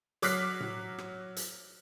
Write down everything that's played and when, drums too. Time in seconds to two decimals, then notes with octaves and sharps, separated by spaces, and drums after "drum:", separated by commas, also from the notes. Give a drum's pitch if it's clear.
0.22 F#3 D6 F6 F#6 B6 C7, drum: hi-hat
0.60 drum: tom A2
0.98 drum: rim click
1.36 drum: hi-hat